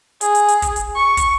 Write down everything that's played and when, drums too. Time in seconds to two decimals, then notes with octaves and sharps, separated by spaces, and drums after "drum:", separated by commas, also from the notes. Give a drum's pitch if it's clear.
0.21 G#4, drum: hi-hat
0.35 drum: hi-hat
0.48 drum: hi-hat
0.62 drum: kick, hi-hat
0.76 drum: hi-hat
0.95 C#6
1.17 drum: kick, hi-hat